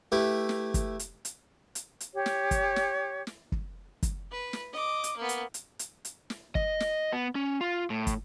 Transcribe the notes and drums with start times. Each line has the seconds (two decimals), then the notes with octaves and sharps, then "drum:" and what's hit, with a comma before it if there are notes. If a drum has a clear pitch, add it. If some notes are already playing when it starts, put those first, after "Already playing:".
0.12 A3 E4 G4 B4
0.49 drum: snare
0.74 drum: kick, hi-hat
0.99 drum: hi-hat
1.25 drum: hi-hat
1.75 drum: hi-hat
2.00 drum: hi-hat
2.13 G4 C#5
2.26 drum: snare
2.51 drum: kick, hi-hat
2.76 drum: snare
3.27 drum: snare
3.52 drum: kick
4.03 drum: kick, hi-hat
4.31 B4
4.53 drum: snare
4.73 D#5 D6
5.04 drum: hi-hat
5.17 A#3 B3
5.29 drum: hi-hat
5.54 drum: hi-hat
5.79 drum: hi-hat
6.05 drum: hi-hat
6.30 drum: snare
6.55 D#5, drum: kick
6.80 drum: snare
7.13 B3
7.35 C#4
7.61 F4
7.90 A2
8.07 drum: kick, hi-hat